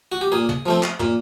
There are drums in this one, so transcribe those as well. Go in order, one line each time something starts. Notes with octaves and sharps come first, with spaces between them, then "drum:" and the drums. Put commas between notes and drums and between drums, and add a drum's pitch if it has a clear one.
F#4
G4
A#2 G#4
drum: tom
F3 A3 C4
drum: clap
A#2, drum: tom